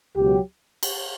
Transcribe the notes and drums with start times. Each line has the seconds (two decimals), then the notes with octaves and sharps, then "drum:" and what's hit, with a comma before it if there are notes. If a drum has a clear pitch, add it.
0.16 C#2 B2 F#3 G4
0.83 drum: cymbal